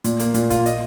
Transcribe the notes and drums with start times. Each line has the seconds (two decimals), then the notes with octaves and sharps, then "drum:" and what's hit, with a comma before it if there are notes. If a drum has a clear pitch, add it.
0.04 A#2, drum: hi-hat
0.19 A#3, drum: hi-hat
0.34 A#2, drum: hi-hat
0.50 F4, drum: kick, hi-hat
0.66 D#5, drum: hi-hat